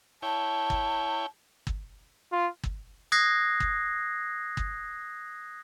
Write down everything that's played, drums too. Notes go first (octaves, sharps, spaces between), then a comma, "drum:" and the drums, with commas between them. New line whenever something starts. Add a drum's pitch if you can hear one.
E4 C#5 G5 A5
drum: kick G1
drum: kick G1
F4
drum: kick G1
D#6 F#6 G#6 A#6 C7
drum: kick G1
drum: kick G1